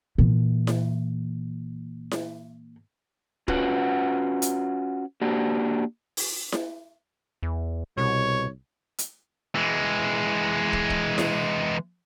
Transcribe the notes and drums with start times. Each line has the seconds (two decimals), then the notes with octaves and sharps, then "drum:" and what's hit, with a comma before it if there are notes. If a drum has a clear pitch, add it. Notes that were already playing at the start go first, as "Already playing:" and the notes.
0.18 A#2 E3
0.67 drum: snare E4
2.11 drum: snare E4
3.48 C#4 F4 F#4 B4 F#5, drum: kick
4.42 drum: hi-hat
5.22 A#3 D4 F#4 G4
6.17 drum: open hi-hat
6.52 drum: snare E4
7.43 E2
7.98 C2 B2 C#5
8.98 drum: hi-hat
9.55 E3 G#3
10.73 drum: kick
10.90 drum: kick
11.18 drum: snare E4